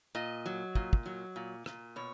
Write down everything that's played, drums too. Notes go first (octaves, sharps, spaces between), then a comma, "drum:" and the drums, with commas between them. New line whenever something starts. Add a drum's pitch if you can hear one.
A#2 D#5
F#3
A#2, drum: kick
drum: kick
F#3
A#2
A#2, drum: rim click
B2 C#5